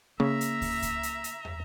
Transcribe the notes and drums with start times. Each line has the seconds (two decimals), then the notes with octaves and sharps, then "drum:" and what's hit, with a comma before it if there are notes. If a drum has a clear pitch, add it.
0.20 C#3 A#3 E5 A#5
0.41 drum: hi-hat
0.61 drum: kick, open hi-hat
0.82 drum: kick, hi-hat
1.03 drum: hi-hat
1.24 drum: hi-hat
1.45 drum: tom